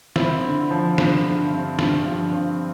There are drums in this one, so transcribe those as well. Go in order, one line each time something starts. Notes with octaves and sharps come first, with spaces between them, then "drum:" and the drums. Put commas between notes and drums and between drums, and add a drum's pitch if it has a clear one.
C4 E4, drum: snare
D3
F3
D3, drum: snare
G2
C4
G2, drum: snare
F3
C4